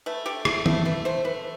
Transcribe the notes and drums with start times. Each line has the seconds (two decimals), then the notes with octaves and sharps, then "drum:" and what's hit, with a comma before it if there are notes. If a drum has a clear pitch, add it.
0.06 A3 B4
0.26 D3 G4
0.45 A3 E4, drum: rim click
0.66 A3 E4, drum: tom
0.85 A3 B4
1.05 A3 C5
1.24 A3 B4